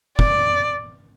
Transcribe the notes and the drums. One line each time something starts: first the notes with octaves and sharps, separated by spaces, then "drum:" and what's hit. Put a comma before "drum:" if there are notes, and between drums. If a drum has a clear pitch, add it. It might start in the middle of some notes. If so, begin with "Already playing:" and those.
D5, drum: kick